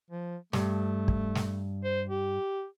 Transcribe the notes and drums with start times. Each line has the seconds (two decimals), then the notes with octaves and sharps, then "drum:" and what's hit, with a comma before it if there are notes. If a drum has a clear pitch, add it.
0.11 F3
0.53 G2 A3, drum: snare
1.08 drum: kick
1.35 drum: snare
1.84 C5
2.09 G4